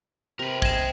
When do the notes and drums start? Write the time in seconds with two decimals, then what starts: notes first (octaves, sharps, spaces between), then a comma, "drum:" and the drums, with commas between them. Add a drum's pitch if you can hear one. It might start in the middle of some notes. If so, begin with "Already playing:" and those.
0.39 C3 A#4 B4
0.62 D#5 G#5 G#6 E7, drum: kick